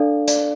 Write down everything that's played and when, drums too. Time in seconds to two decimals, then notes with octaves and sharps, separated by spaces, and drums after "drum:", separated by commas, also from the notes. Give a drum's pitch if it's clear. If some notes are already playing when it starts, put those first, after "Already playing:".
Already playing: D4 A4 D5 F5
0.28 D5, drum: hi-hat